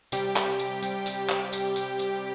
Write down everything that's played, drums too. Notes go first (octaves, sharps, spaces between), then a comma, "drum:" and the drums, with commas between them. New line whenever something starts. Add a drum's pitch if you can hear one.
C3 G3 G4, drum: tambourine
drum: clap
G3
drum: tambourine
G3, drum: tambourine
drum: tambourine
G3
drum: clap
drum: tambourine
drum: tambourine
drum: tambourine